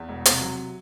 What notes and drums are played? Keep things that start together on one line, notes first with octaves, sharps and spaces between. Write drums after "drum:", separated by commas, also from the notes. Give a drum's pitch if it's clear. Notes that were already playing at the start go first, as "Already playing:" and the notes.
Already playing: E2
E1
C3, drum: hi-hat
F#3